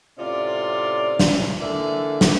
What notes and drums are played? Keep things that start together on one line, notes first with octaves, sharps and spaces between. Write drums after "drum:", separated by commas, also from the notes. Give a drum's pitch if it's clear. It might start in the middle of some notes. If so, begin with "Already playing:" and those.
A2 C3 C#4 F4 D5
drum: snare
D3 E3 A#3 D5 E5
drum: snare